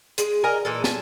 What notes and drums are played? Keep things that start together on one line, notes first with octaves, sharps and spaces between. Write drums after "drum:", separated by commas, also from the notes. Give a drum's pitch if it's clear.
G#3 G#4, drum: hi-hat
A#4 D#5 G#5 A#5
A#2 E3 G#3 A4
G#5 A5, drum: snare